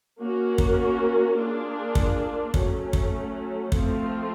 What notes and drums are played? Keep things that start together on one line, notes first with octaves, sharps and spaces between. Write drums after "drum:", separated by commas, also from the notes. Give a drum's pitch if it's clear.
A#3 C#4 F#4 A#4
drum: kick
A#3 D4 F4 G#4
drum: kick
F#3 A3 C#4, drum: kick
drum: kick
F3 A3 C4 F4, drum: kick